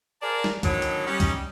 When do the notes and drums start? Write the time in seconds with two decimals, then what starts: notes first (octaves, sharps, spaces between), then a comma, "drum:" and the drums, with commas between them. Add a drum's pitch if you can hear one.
0.22 G#4 A#4 C5 D5 F5 A5
0.44 drum: snare
0.63 A2 D3 D#3 F#3 G#3 B3, drum: kick, hi-hat
0.82 drum: hi-hat
1.07 G3 C#4 D#4
1.20 drum: kick, hi-hat